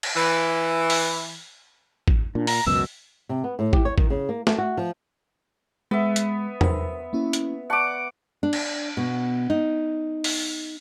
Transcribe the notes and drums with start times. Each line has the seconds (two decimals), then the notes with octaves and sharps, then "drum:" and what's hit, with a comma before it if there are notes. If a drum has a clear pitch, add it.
0.03 drum: cymbal
0.16 E3
0.90 drum: open hi-hat
2.08 drum: kick
2.35 A#2 D4
2.47 A#5, drum: open hi-hat
2.66 C#2 F#2 B2 E6
3.29 C3
3.44 B3
3.59 A2
3.73 G4, drum: kick
3.85 C#5
3.98 D#3, drum: kick
4.10 C#3
4.29 A#3
4.47 A3, drum: snare
4.58 F#4
4.77 F3
5.91 G#3 B3 E5
6.16 drum: hi-hat
6.61 A#4 C5, drum: tom E2
7.13 A#3 C#4 E4
7.33 drum: hi-hat
7.70 D5 F#5 A5 C#6 D6
8.43 D4
8.53 drum: cymbal
8.97 B2
9.50 D#4
10.24 drum: open hi-hat